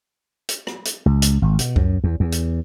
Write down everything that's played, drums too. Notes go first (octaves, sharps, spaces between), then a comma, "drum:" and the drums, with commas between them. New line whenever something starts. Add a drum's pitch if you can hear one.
drum: hi-hat
drum: rim click
drum: hi-hat
C#2
drum: hi-hat
G#1
B2, drum: hi-hat
F#2, drum: kick C#2
E2
E2
drum: hi-hat